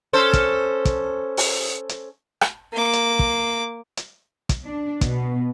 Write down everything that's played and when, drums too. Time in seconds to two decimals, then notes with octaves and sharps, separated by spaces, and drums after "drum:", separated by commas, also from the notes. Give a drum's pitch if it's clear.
0.13 C#4 A4 C5
0.33 drum: kick, hi-hat
0.85 drum: kick, hi-hat
1.37 drum: open hi-hat
1.89 drum: hi-hat
2.41 drum: rim click
2.72 A#3 D6
2.93 drum: hi-hat
3.19 drum: kick
3.97 drum: hi-hat
4.49 drum: kick, hi-hat
4.65 D4
5.01 B2, drum: kick, hi-hat